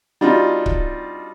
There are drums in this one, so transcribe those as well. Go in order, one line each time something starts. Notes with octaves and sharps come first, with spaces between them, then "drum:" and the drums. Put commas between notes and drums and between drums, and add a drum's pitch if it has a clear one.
G3 C4 D4 D#4 F4 F#4
drum: kick C#1